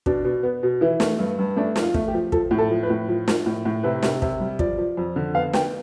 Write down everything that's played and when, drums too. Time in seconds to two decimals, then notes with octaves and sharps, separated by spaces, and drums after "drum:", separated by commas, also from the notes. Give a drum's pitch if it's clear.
0.06 B2 D4, drum: kick
0.24 B2
0.43 B3
0.63 B2
0.81 E3 E4
1.00 A3, drum: snare
1.19 G2
1.39 G2
1.56 A3 D4
1.76 F3, drum: snare
1.83 F4
1.94 A3, drum: kick
2.08 G4
2.14 F3
2.32 F3 A4, drum: kick
2.51 A2
2.58 A4
2.70 F3
2.83 B4
2.90 A2
3.08 F3
3.28 F3, drum: snare
3.46 A2
3.65 A2
3.83 C3 B4
4.02 C3, drum: snare
4.22 C3, drum: kick
4.40 G3
4.59 F3 D5, drum: kick
4.78 F3
4.97 F2
5.16 D3
5.34 B3 F5
5.53 B3 G5, drum: snare